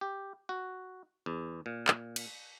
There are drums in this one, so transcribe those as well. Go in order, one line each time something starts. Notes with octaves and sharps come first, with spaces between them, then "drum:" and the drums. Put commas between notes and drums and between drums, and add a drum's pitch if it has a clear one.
G4
F#4
E2
A#2
drum: clap
drum: cymbal